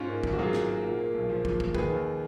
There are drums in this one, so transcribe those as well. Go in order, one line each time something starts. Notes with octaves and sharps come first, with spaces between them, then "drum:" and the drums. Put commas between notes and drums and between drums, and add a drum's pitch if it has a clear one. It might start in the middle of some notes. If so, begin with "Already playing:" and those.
Already playing: G#2 C#4 F4
A#3
G#1, drum: kick
F#4
F#3 F4 G#4
G#2, drum: snare
A#3
A#2
A#3
B1
F3
A#2, drum: kick
A#3, drum: kick
D#3 G#4 B4, drum: kick
D#2